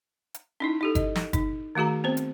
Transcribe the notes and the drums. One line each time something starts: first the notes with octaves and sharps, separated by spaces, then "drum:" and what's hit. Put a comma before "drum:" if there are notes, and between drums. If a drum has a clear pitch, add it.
drum: hi-hat
C#4 D#4 E4
D#4 G4 A4
D#5, drum: kick G1, hi-hat
drum: snare
D#4, drum: kick G1, hi-hat
D#3 A3 F#4 G#4 A#5
B3 C4 C5
drum: hi-hat